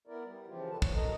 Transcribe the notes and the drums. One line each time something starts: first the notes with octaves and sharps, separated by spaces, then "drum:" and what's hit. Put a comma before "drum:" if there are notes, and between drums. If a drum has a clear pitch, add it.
B3 E4 A#4 D5
G3
C#3 E3 F3 F4 G4
D#2 A4 B4 A5
C#5, drum: kick
F2 B2 D#3 A4 D#5 A#5